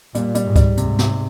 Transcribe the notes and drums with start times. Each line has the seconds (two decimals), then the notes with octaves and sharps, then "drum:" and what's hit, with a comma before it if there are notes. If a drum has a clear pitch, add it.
0.15 A#2 G3, drum: hi-hat
0.35 G3, drum: hi-hat
0.46 G#2
0.56 G3, drum: kick C#2, hi-hat
0.77 G#2 C3, drum: hi-hat
0.99 C3, drum: snare